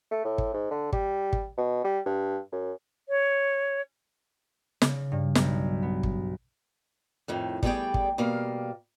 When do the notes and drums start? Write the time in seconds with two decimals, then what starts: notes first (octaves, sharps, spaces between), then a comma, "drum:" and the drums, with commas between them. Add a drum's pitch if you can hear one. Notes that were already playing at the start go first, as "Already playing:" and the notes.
0.11 A3
0.24 A2
0.38 drum: kick
0.53 G#2
0.71 D3
0.93 G3, drum: kick
1.33 drum: kick
1.58 B2
1.85 G3
2.06 G2
2.52 F#2
3.09 C#5
4.82 C#3, drum: snare
5.12 G2
5.35 B1, drum: snare
5.83 B3
6.03 drum: kick
7.28 F2 A2 D#3
7.63 G3 A3 B3 G#4 D5 G5, drum: kick
7.94 drum: kick
8.18 B2 G3 A#3 F5